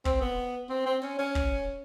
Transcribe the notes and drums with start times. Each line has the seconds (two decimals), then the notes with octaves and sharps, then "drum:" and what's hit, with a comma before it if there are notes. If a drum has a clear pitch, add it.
0.05 C4, drum: kick
0.21 B3
0.70 C4
0.86 C4
1.02 C#4
1.19 C#4
1.35 drum: kick